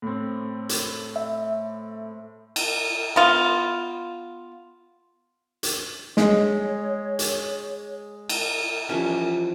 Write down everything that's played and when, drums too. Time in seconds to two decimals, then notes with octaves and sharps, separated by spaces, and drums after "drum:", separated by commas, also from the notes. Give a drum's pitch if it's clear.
0.02 A2 C4
0.69 drum: hi-hat
1.16 E5
2.56 drum: cymbal
3.16 B3 F4
5.63 drum: hi-hat
6.17 G#3 C#5, drum: snare
7.19 drum: hi-hat
8.29 drum: cymbal
8.89 E3 F3 G3 C#4